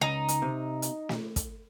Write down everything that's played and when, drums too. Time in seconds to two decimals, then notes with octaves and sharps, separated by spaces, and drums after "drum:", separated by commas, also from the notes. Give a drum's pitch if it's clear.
0.01 C#2 D#4
0.28 drum: hi-hat
0.42 C3
0.82 drum: hi-hat
1.09 drum: snare
1.36 drum: kick, hi-hat